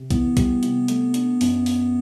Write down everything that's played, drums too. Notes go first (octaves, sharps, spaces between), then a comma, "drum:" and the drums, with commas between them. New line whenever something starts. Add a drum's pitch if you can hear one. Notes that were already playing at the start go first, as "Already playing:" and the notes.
Already playing: C3
E3 B3, drum: kick, hi-hat
G3, drum: kick, hi-hat
C3, drum: hi-hat
A3, drum: hi-hat
D4, drum: hi-hat
F#2, drum: open hi-hat
drum: open hi-hat